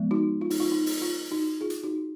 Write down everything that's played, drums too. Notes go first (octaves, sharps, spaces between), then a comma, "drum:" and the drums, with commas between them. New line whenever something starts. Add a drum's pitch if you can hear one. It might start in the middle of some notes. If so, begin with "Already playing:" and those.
Already playing: F3 G#3 B3
D#4 F#4
F4
D#4, drum: open hi-hat
F4
D#4
drum: open hi-hat
F4
D#4 F#4
F4 G#4
drum: hi-hat
D#4 F#4